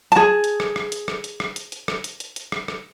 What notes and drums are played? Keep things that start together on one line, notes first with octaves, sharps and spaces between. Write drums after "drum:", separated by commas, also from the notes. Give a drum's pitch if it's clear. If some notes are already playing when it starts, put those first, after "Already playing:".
G#4 A5, drum: hi-hat
drum: hi-hat
drum: rim click
drum: rim click
drum: hi-hat
drum: rim click
drum: hi-hat
drum: rim click
drum: hi-hat
drum: hi-hat
drum: rim click
drum: hi-hat
drum: hi-hat
drum: hi-hat
drum: rim click
drum: rim click